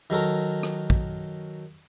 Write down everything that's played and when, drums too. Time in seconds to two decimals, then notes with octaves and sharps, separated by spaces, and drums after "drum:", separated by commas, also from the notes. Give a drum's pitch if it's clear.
0.10 D#3 F#3 A4 A#4
0.63 drum: rim click
0.90 drum: kick